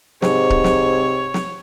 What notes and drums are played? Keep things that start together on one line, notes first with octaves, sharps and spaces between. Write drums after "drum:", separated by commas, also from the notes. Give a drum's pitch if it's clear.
G#2 C3 C#5, drum: snare
drum: kick C#1
drum: snare
drum: snare